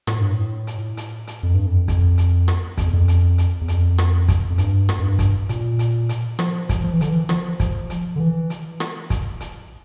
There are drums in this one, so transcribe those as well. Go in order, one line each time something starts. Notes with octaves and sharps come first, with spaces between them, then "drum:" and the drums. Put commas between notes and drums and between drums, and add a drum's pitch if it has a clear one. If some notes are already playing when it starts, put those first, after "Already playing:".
A2, drum: rim click
G2
A2
drum: hi-hat
drum: hi-hat
drum: hi-hat
F2
G2
F2
F2, drum: kick, hi-hat
drum: hi-hat
drum: rim click
F2, drum: kick, hi-hat
E2
F2
drum: hi-hat
drum: hi-hat
E2
F2, drum: hi-hat
drum: rim click
drum: kick, hi-hat
F2
G2, drum: hi-hat
drum: rim click
F2
G2
drum: kick, hi-hat
A#2, drum: hi-hat
drum: hi-hat
drum: hi-hat
F3, drum: rim click
drum: kick, hi-hat
F3
E3
D3, drum: hi-hat
E3
F3, drum: rim click
drum: kick, hi-hat
drum: hi-hat
D3
E3
drum: hi-hat
drum: rim click
drum: kick, hi-hat
drum: hi-hat